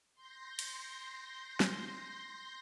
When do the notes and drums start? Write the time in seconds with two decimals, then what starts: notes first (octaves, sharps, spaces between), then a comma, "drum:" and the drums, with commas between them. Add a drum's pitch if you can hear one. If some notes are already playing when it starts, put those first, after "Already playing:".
0.14 C6 G6 A#6
0.59 drum: cymbal
1.60 drum: snare